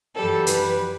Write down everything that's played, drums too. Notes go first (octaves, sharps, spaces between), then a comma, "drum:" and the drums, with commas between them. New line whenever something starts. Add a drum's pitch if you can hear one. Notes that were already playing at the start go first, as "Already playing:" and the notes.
F#2 E3 G3 A4
B4, drum: hi-hat